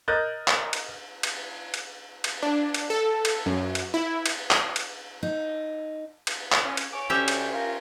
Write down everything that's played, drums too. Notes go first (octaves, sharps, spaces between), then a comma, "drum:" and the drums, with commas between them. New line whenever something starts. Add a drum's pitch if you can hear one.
A#4 D#5 F#6 G6 A6
drum: clap
drum: cymbal
drum: cymbal
drum: cymbal
drum: cymbal
D4
drum: cymbal
A4
drum: cymbal
F#2
drum: cymbal
E4
drum: cymbal
drum: clap
drum: cymbal
D#4
drum: cymbal
drum: clap
C#4
drum: cymbal
C#5 G#5 D6
D2 C#4 G4 C5 E5
drum: cymbal
F4 A#4